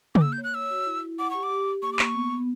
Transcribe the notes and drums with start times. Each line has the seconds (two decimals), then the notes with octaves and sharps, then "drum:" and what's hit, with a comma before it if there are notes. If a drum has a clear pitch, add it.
0.15 D6, drum: tom C#3
0.22 A#3 E6
0.33 G6
0.38 C#5
0.44 F#6
0.54 C#5 E6
0.70 F#4
0.86 E4
1.02 E4
1.18 F#5 D6
1.31 G4 C#6
1.43 D6
1.50 G4
1.66 G4
1.82 A#3 C#6
1.93 D6
1.99 A#3 C#6, drum: clap
2.15 B3
2.30 B3